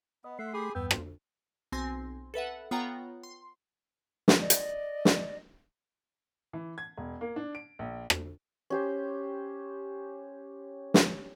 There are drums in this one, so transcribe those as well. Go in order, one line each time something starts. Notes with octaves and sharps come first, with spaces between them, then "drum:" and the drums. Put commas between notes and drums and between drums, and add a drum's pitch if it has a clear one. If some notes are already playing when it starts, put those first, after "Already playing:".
B3 D#5
A3 E5 F#5 C6
G4 G#4 B5 D#6
E2 G2 B3 G5 E6
F4, drum: rim click
B1 C4 G#5 C6 A#6
A4 B4 E5 F#5
B3 F4 C#5 F#5 G5 A#5
C6
drum: snare
D5 D#5
drum: hi-hat
drum: snare
E3
G#6
E1
A#3
D4
D7
A#1
drum: rim click
C#4 G4 C5
drum: snare